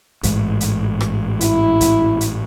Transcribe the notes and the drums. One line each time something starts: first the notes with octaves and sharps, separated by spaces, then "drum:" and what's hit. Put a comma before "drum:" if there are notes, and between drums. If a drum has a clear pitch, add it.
A1 G#2, drum: kick, hi-hat
drum: hi-hat
drum: rim click
E4, drum: hi-hat
drum: kick, hi-hat
drum: hi-hat